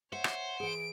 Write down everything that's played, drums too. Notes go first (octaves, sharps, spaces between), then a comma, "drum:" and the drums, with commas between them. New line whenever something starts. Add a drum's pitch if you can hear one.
C5 C#5 E5 F#5
drum: rim click
E3 G#4 D7